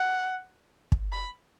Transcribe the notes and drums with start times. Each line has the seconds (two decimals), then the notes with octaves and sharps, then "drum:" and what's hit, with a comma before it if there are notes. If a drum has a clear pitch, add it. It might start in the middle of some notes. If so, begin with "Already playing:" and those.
Already playing: F#5
0.92 drum: kick
1.12 B5